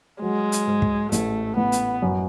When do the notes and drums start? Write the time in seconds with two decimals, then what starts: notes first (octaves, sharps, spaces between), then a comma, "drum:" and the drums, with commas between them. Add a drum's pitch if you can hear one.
0.22 F#3 G#3
0.52 drum: hi-hat
0.67 G#2
0.82 drum: kick
1.12 A1 A3, drum: hi-hat
1.57 A1 B3
1.72 drum: hi-hat
2.02 F#2